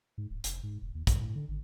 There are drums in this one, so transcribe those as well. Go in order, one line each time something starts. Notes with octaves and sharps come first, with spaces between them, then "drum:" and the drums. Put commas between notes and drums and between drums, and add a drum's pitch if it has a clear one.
G#2
D1
F1, drum: hi-hat
G#2
E1
D#2
G2, drum: kick, hi-hat
A2
D3
G#1